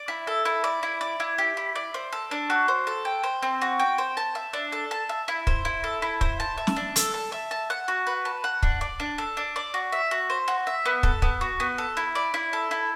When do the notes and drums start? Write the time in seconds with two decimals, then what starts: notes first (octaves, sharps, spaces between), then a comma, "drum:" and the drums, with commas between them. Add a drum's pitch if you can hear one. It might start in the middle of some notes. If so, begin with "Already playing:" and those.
Already playing: D5
0.08 E4
0.27 A4
0.45 E4
0.64 D5
0.83 E4
1.01 D5
1.20 E4
1.38 G4
1.57 E4
1.75 D5
1.94 C5
2.13 A4
2.31 D4
2.50 F#4
2.68 C5
2.87 A4
3.05 G5
3.24 C5
3.42 C4
3.62 F#4
3.80 G5
3.98 C5
4.17 A5
4.35 E5
4.53 D4
4.72 A4
4.91 A5
5.09 E5
5.28 E4
5.47 C5, drum: kick
5.65 E4
5.84 A4
6.02 E4
6.21 C5, drum: kick
6.40 A5
6.58 E5
6.67 drum: snare
6.76 D4
6.96 A4, drum: hi-hat
7.14 A5
7.32 E5
7.51 A5
7.70 F#5
7.88 F#4
8.07 B4
8.25 A5
8.44 F#5
8.63 D4, drum: kick
8.81 D5
9.00 D4
9.18 A4
9.37 D4
9.56 D5
9.74 F#4
9.92 E5
10.11 F#4
10.30 C5
10.48 F#4
10.67 E5
10.85 B3
11.03 A4, drum: kick
11.22 B3, drum: kick
11.41 F#4
11.60 B3
11.78 A4
11.97 E4
12.15 D5
12.34 E4
12.53 A4
12.71 E4